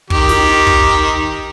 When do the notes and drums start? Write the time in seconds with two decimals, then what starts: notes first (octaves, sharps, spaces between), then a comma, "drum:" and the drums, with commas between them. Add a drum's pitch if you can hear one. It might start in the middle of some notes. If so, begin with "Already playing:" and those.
0.10 D#3 G4, drum: kick
0.29 drum: snare
0.67 drum: kick